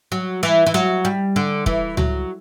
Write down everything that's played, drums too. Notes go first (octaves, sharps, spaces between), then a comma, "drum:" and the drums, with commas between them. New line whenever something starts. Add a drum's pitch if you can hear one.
F#3
E3
E3
F#3
G3
D3
E3, drum: kick
F#3, drum: tom C#2